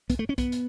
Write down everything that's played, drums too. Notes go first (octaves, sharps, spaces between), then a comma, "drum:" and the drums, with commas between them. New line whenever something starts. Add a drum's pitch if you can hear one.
B3, drum: kick, hi-hat
A3
C#4
B3, drum: kick, hi-hat
drum: hi-hat